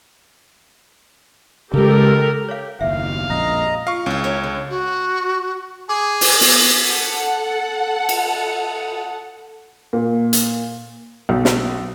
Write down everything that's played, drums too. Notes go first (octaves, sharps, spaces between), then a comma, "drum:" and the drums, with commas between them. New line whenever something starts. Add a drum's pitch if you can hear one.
C#3 G#3 G4 A4 A#4
G4 C#5 F5
F#1 D#2 E5 F5
A#1 F2 A#2 C#4 D#5 A#5
F4 F5 C#6
C#2 C#4 E4
A#4 C#5 E5
D3
F#4
G#4 D6
drum: open hi-hat
B3, drum: open hi-hat
A4 F#5
drum: cymbal
A#2
drum: hi-hat
B1
drum: snare